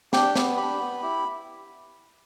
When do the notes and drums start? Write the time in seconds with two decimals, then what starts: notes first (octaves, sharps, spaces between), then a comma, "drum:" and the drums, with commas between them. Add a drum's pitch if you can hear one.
0.13 D4 G4 G5, drum: snare
0.36 B3, drum: snare
0.57 D4 G4 B5
0.79 B3
1.02 E4 G4